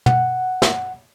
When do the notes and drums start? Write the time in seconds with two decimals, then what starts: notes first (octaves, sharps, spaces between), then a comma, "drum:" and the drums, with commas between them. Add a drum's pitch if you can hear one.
0.06 F#5, drum: tom
0.62 drum: snare